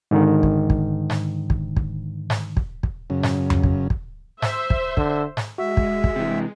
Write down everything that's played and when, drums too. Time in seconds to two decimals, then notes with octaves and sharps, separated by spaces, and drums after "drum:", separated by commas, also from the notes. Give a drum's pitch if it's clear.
0.11 G#2 D3 D#3
0.43 drum: kick
0.70 drum: kick
1.10 drum: snare G#2
1.50 drum: kick
1.77 drum: kick
2.30 drum: snare G#2
2.57 drum: kick
2.83 drum: kick
3.10 F#2 C#3
3.23 drum: snare G#2
3.50 drum: tom F2
3.63 drum: kick
3.90 drum: kick
4.42 C5 E5, drum: snare G#2
4.70 drum: kick
4.97 D3, drum: kick
5.37 drum: snare G#2
5.58 G#3 F#4 E5
5.77 drum: kick
6.04 drum: kick
6.16 C3 E3